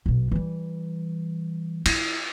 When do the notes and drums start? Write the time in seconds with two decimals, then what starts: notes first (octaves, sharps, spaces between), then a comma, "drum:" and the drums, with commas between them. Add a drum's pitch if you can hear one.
0.06 B1 B2
0.32 E3 G3
1.86 E4, drum: cymbal